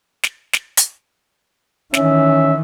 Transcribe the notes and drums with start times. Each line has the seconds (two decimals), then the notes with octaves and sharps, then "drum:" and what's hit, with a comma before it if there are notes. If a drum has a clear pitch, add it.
0.23 drum: snare
0.53 drum: snare
0.77 drum: hi-hat
1.94 D#3 E3 C#4 E5, drum: snare